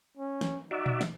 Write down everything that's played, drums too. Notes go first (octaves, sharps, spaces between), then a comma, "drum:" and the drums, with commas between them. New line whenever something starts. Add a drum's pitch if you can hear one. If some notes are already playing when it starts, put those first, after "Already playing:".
C#4
drum: snare
D#4 F#4 D5 E5
drum: tom A#2
drum: snare